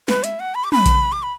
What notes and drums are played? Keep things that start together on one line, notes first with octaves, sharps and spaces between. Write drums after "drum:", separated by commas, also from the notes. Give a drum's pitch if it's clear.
B4, drum: snare
E5, drum: hi-hat
F#5
B5
D6
B5, drum: tom
drum: kick A#1, hi-hat
D6
B5